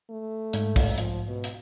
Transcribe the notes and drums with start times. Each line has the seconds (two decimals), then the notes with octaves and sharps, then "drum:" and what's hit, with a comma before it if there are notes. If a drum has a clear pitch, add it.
0.10 A3
0.53 G#2, drum: hi-hat
0.76 drum: kick, open hi-hat
0.98 F3, drum: hi-hat
1.27 B2
1.44 drum: hi-hat